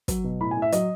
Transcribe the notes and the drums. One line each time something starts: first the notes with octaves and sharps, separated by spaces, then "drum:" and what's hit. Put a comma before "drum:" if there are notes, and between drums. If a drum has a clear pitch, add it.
F#3, drum: kick, hi-hat
B2
A2 B5
G#5
A2
E5
F#3 D#5, drum: hi-hat